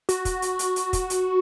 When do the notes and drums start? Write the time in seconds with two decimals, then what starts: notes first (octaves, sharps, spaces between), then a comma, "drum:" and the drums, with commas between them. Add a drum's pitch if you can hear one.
0.09 F#4, drum: hi-hat
0.25 drum: kick, hi-hat
0.42 drum: hi-hat
0.59 drum: hi-hat
0.76 drum: hi-hat
0.93 drum: kick, hi-hat
1.10 drum: hi-hat